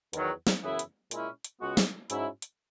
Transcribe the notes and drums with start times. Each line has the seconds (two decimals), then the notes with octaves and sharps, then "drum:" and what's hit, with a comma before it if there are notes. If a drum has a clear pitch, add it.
0.13 E2 D#3 F#3, drum: hi-hat
0.47 drum: snare
0.63 F#2 C#3 E3 B3 E4
0.79 drum: hi-hat
1.11 A#2 G#3 C#4 E4, drum: hi-hat
1.44 drum: hi-hat
1.61 C#2 C#3 G#3 B3 F#4
1.77 drum: snare
2.10 G#2 F#3 C#4 E4, drum: hi-hat
2.42 drum: hi-hat